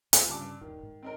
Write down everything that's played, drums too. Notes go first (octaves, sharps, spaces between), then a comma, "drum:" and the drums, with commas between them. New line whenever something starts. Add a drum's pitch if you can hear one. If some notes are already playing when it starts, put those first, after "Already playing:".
C#2 B2 F4 C5 G#5, drum: hi-hat
G2 C#3 C#4 A5 D6
D#1 D#3
G#2
C4 D#4 A#4